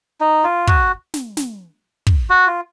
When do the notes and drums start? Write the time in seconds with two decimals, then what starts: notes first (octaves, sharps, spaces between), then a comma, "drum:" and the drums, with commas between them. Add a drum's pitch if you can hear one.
0.21 D#4
0.44 F4
0.67 F#4, drum: kick
1.14 drum: snare
1.37 drum: snare
2.07 drum: kick
2.30 F#4
2.47 F4